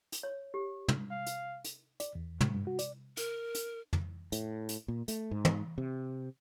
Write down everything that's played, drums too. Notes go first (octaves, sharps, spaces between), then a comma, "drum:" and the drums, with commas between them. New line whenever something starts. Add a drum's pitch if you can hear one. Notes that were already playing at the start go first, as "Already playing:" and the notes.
drum: hi-hat
C#5
G4
drum: tom
F5
drum: hi-hat
drum: hi-hat
D5, drum: hi-hat
E2
A2, drum: tom
G2
F#4
D5, drum: hi-hat
A#4, drum: hi-hat
drum: hi-hat
drum: tom
A2, drum: hi-hat
drum: hi-hat
A#2
A3, drum: hi-hat
G#2
drum: tom
C3